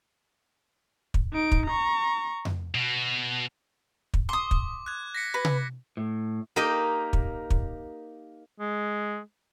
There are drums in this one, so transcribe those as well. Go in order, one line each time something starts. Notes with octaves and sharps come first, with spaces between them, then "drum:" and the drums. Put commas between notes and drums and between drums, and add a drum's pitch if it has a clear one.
drum: kick
D#4 D7
drum: kick
A#5 C#6
drum: tom F2
B2
drum: kick
C6 D6 D#6
drum: kick
F#6 G#6
A#6 B6 C#7
B4 A#6
drum: tom C3
A2
A#3 D#4 G4 A#4 D#5
drum: kick
drum: kick
G#3